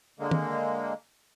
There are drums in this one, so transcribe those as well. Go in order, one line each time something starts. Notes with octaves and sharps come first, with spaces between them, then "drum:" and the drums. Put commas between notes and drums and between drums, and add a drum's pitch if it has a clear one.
D3 G#3 A#3
drum: tom